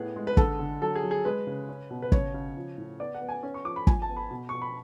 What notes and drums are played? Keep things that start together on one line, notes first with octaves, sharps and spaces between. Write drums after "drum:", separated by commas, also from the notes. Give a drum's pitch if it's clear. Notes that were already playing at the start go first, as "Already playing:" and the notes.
Already playing: A2 B3 G#4
G#3
B4
D3 A4, drum: kick
D3
F#3 A4
G#4
F#3
G#4
G#3 B4
C#3
C#4
B2
B4
C#3 C#5, drum: kick
C#3
F3
A2
B3 D5
F#5
B3
G#5
C#4
C#6
F3 D6
B5
F3 G#5, drum: kick
A5
B3
B5
B2
B2 C#6
B5